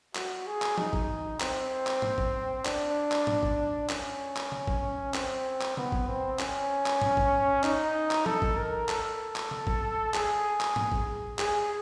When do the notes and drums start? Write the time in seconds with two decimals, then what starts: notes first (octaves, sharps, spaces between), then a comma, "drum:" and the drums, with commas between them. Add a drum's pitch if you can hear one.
0.15 F#4, drum: clap
0.46 G#4
0.62 drum: clap
0.78 D#4, drum: tom E3
0.93 drum: kick
1.40 C4, drum: clap
1.87 drum: clap
2.02 drum: tom G#2
2.18 drum: kick
2.65 D4, drum: clap
3.11 drum: clap
3.27 drum: tom G#2
3.43 drum: kick
3.89 C#4, drum: clap
4.36 drum: clap
4.52 drum: tom C#3
4.67 drum: kick
5.14 C4, drum: clap
5.61 drum: clap
5.77 B3, drum: tom C#3
5.92 drum: kick
6.08 C4
6.39 C#4, drum: clap
6.86 drum: clap
7.02 drum: tom G2
7.17 drum: kick
7.63 D#4, drum: clap
8.11 drum: clap
8.26 A4, drum: tom E3
8.42 drum: kick
8.57 A#4
8.88 A4, drum: clap
9.36 drum: clap
9.51 drum: tom C#3
9.67 drum: kick
10.14 G#4, drum: clap
10.60 drum: clap
10.76 drum: tom G#2
10.92 drum: kick
11.39 G#4, drum: clap